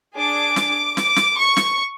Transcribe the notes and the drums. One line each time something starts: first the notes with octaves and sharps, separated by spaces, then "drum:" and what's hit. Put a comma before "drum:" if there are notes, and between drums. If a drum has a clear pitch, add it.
D4 G#4 D6
drum: snare
D6, drum: snare
drum: snare
C#6
drum: snare